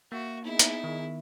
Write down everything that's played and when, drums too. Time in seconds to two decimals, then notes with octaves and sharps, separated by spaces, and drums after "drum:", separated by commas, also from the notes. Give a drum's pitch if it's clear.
0.12 A#3 F#4 E5
0.44 B3 D#4 E4 G#4
0.59 drum: hi-hat
0.84 D#3